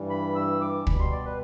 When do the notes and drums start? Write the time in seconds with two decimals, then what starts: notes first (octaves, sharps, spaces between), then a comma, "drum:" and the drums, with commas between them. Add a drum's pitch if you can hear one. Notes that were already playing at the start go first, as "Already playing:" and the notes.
Already playing: G2 E3 G3
0.10 B5
0.36 E6
0.61 D6
0.87 B2 G3 B5, drum: kick
1.00 C6
1.12 D5
1.25 B4